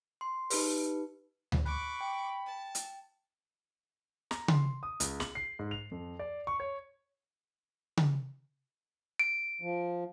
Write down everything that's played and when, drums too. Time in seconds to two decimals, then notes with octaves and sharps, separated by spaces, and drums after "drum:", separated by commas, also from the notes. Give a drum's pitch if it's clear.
0.21 C6
0.50 D#4 G4 B4, drum: open hi-hat
1.52 drum: tom D2
1.66 B5 C#6 D6 F#6
2.01 G5
2.46 A5
2.75 drum: hi-hat
4.31 A#5, drum: snare
4.48 C6, drum: tom C#3
4.83 D#6
5.00 C#2, drum: hi-hat
5.20 F#7, drum: snare
5.35 C7
5.59 G#2
5.71 F7
5.91 F2
6.19 D5
6.47 C#6
6.60 C#5
7.97 drum: tom C#3
9.19 D7
9.62 F3